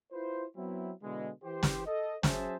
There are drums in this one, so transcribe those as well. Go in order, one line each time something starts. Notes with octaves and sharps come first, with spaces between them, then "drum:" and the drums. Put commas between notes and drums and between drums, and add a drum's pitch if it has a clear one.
E4 F4 B4 C5
F#3 B3 C4 E4
B2 D3 E3 G#3
E3 G4 C5
drum: snare
A4 D#5
F#3 C#4 G#4 C5 E5 A5, drum: snare